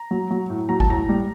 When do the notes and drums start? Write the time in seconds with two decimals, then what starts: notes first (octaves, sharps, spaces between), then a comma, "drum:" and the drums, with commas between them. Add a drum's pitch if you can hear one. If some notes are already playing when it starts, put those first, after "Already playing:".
Already playing: A#5
0.11 F#3
0.31 F#3
0.50 A2
0.69 F#3 A#5
0.80 A5, drum: kick G1
0.89 A2 A#5
1.09 G3